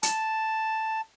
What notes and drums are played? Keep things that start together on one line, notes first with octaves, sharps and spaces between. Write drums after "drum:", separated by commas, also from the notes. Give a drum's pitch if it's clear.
A5, drum: hi-hat